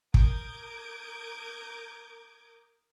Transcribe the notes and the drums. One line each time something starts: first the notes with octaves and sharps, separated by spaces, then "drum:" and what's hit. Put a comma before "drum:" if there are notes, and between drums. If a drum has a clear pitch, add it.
A#4 D6 D#6 G6 G#6 D7, drum: kick